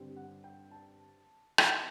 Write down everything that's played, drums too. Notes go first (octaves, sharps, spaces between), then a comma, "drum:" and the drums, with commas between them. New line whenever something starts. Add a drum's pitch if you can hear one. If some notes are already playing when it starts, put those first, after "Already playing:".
Already playing: G2 D3 G3 C4
F#5
G5
A5
drum: rim click